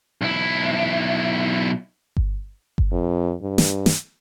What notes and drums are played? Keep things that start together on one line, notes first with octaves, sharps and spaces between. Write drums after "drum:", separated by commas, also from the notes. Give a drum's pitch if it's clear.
B1 E4
drum: kick G1
drum: kick G1
F2
G2
drum: snare
drum: snare